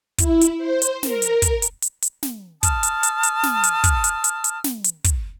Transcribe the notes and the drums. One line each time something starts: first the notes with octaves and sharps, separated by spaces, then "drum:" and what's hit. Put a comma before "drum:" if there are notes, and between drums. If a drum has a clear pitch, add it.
E4, drum: kick, hi-hat
drum: hi-hat
C5
drum: hi-hat
A#4, drum: snare
drum: hi-hat
drum: kick, hi-hat
drum: hi-hat
drum: hi-hat
drum: hi-hat
drum: snare
A5 D#6 F6, drum: kick, hi-hat
drum: hi-hat
drum: hi-hat
drum: hi-hat
drum: snare
drum: hi-hat
drum: kick, hi-hat
drum: hi-hat
drum: hi-hat
drum: hi-hat
drum: snare
drum: hi-hat
drum: kick, hi-hat